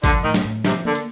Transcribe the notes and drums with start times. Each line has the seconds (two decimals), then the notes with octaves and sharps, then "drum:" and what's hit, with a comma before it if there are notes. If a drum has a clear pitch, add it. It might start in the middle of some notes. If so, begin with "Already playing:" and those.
0.04 D3 F3, drum: kick G#1, hi-hat
0.24 A2 D#3
0.34 drum: snare
0.45 A2
0.64 C3 F3, drum: snare
0.85 D3 A#3
0.95 drum: hi-hat